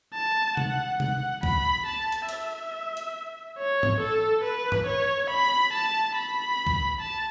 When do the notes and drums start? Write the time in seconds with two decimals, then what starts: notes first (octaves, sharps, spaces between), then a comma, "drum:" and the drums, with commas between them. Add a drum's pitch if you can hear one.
0.14 A5
0.57 F#5, drum: tom C3
1.00 F#5, drum: tom C3
1.43 B5, drum: kick C2
1.86 A5
2.12 drum: hi-hat
2.29 E5, drum: cymbal
2.97 drum: hi-hat
3.58 C#5
3.83 drum: tom G#2
4.01 A4
4.43 B4
4.72 drum: tom G2
4.86 C#5
5.30 B5
5.73 A5
6.15 B5
6.67 drum: kick C2
7.01 A5